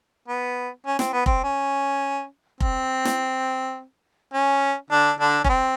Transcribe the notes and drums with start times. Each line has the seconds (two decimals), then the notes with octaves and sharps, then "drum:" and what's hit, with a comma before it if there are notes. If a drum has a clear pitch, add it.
0.28 B3
0.86 C#4
0.99 C4, drum: snare
1.13 B3
1.26 C4, drum: kick F1
1.44 C#4
2.60 C4, drum: kick F1
3.05 drum: snare
4.33 C#4
4.90 D3 D4
5.19 D3 D4
5.44 C#4, drum: kick F1
5.49 C4